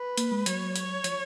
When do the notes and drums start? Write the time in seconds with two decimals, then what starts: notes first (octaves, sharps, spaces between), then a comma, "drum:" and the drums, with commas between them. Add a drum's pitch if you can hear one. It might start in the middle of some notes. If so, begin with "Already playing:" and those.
Already playing: B4
0.18 A#3, drum: hi-hat
0.32 G#3
0.46 F#3 C#5, drum: hi-hat
0.76 C#5, drum: hi-hat
1.04 F3, drum: hi-hat